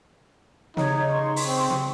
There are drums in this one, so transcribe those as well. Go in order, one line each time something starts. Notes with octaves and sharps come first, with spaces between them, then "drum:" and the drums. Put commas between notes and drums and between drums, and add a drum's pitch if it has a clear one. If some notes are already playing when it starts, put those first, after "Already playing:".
C#3 D#4 C#5, drum: snare
C6 C#6
drum: open hi-hat
C4
drum: snare